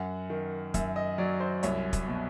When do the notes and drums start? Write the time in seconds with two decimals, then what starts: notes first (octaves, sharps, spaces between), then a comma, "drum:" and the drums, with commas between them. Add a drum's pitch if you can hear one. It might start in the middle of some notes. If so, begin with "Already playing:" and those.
Already playing: F#2 F#5
0.30 D#3
0.74 F#2 E5, drum: kick, hi-hat
0.96 D#5
1.18 F#3 D5
1.40 C5
1.63 C2 C#5, drum: hi-hat
1.93 drum: kick, hi-hat
2.08 B2